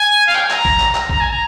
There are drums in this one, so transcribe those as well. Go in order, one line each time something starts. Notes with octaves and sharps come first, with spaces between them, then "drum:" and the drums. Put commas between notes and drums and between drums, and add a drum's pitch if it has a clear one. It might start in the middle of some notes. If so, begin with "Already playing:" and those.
Already playing: G#5
F5
G5, drum: clap
G#5
A#5, drum: clap
drum: kick A1
drum: clap
drum: clap
A#5, drum: kick A1
G#5
A#5